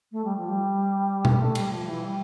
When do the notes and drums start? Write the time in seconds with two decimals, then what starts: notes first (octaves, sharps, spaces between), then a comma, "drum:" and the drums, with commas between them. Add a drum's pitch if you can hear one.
0.12 A3
0.24 G3
0.36 F3
0.48 G3
1.25 drum: tom B2
1.39 A3
1.55 G3, drum: cymbal
1.71 F3
1.86 E3
2.03 G3